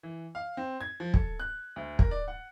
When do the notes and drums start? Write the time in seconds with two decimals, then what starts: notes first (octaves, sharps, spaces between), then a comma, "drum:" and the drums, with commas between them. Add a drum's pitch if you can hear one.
0.03 E3
0.35 F5
0.57 C4
0.81 G#6
1.00 F3
1.14 A4, drum: kick
1.40 F#6
1.76 D2
1.99 A#4, drum: kick
2.11 D5
2.28 F#5